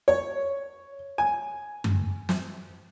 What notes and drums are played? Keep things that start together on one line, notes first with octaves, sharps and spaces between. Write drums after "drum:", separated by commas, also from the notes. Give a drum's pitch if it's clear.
C#5
G#5
drum: tom F#2
drum: snare